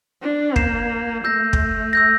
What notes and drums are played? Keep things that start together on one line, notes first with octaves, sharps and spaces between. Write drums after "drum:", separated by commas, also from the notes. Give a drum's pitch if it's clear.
D4
A#3 G6 C7 E7, drum: kick
A3 E6 G6 A#6
drum: kick
E6 G6 A#6